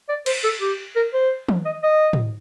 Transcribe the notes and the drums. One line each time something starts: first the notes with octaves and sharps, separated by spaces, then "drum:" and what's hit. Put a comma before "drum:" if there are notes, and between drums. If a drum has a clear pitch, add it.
D5
C5, drum: cymbal
A4
G4
A#4
C5
drum: tom
D#5
D#5
drum: tom